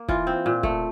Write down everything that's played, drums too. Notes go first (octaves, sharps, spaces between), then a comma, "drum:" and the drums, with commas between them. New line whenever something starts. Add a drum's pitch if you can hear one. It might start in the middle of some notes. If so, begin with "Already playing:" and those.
Already playing: A#3
E3 F4, drum: kick
C4
A#2
A3, drum: kick